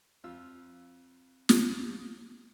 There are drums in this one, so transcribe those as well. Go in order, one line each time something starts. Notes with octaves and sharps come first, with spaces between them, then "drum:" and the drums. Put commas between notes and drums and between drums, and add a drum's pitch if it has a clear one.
F2 F4 E6
drum: snare